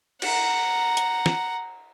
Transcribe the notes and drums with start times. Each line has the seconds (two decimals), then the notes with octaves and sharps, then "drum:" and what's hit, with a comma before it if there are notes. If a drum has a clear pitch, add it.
0.22 F#5 A#5, drum: cymbal
0.97 drum: hi-hat
1.26 drum: snare